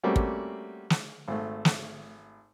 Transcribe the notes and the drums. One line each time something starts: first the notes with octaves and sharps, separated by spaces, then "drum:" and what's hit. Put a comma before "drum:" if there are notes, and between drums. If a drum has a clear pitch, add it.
G3 A3 A#3 C4 C#4 F#4
drum: kick
drum: snare
G#1 A3
drum: snare